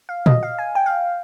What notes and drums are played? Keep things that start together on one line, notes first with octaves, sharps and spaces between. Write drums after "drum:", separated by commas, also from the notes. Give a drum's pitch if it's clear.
F5
D#5, drum: tom A#2
F5
G#5
G5
F5